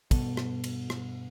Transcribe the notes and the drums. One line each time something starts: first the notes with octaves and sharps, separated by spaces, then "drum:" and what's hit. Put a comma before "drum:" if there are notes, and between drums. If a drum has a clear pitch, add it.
G2 B2 A4, drum: kick, cymbal
drum: rim click
drum: cymbal
drum: rim click